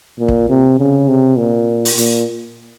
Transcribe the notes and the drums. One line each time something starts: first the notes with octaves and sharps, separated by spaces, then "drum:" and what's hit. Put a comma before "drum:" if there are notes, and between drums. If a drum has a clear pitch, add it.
A#2
drum: kick
C3
C#3
C3
A#2
drum: open hi-hat
A#2, drum: hi-hat